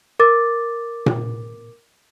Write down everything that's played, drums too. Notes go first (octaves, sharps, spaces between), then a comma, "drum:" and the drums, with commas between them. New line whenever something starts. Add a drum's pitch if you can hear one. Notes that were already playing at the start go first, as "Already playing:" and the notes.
A#4 D6 A6
drum: tom A#2